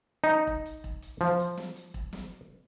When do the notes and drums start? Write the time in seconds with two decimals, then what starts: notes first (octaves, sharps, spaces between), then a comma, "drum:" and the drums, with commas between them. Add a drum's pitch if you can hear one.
0.24 D#4
0.47 drum: kick E1
0.66 drum: hi-hat
0.84 drum: kick E1
1.02 drum: hi-hat
1.21 F3, drum: snare
1.39 drum: hi-hat
1.57 drum: snare
1.76 drum: hi-hat
1.94 drum: kick E1
2.13 drum: snare